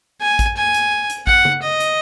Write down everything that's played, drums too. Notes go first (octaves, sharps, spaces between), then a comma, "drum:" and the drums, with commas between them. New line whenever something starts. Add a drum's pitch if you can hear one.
G#5
drum: kick A1, hi-hat
G#5
drum: hi-hat
drum: hi-hat
F#5, drum: kick A1
drum: tom C#3
D#5
drum: hi-hat